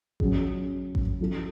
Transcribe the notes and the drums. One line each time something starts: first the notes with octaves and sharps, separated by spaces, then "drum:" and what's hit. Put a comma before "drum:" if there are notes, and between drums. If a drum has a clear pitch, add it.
C#3 F#3 C#4 G#4, drum: kick A1
drum: kick A1
F#3 C#4 E4 A4